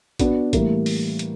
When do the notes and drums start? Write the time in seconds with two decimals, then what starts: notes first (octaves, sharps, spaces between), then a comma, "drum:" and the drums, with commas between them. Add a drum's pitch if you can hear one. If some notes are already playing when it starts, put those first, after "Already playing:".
0.19 B3 D4 F#4 B4, drum: kick A#1, hi-hat
0.53 A2 E3 G3 A#3, drum: kick A#1, hi-hat
0.86 drum: open hi-hat
1.19 drum: hi-hat